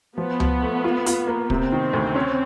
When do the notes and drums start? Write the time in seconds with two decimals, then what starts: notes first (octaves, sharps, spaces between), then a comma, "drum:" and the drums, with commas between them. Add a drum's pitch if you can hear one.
0.17 F3 B3
0.40 F3, drum: tom C#2
0.62 A3
0.84 F4
1.06 F4, drum: hi-hat
1.27 A#3
1.50 C3 C4, drum: kick
1.72 D#3
1.93 D2
2.15 C#4